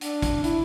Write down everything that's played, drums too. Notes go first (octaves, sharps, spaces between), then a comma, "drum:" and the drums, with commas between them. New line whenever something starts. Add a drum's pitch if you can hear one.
D4, drum: hi-hat
drum: kick, hi-hat
E4, drum: hi-hat